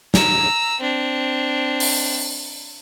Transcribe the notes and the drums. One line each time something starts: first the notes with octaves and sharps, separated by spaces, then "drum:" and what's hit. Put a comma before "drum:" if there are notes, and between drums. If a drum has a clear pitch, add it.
A#5 E6, drum: snare
C4 D4
drum: open hi-hat